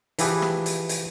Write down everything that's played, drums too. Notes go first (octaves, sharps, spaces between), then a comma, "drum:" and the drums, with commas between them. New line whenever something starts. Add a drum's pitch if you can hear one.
E3 F3 E4 G4 G#4 B4, drum: hi-hat
drum: rim click
drum: hi-hat
drum: hi-hat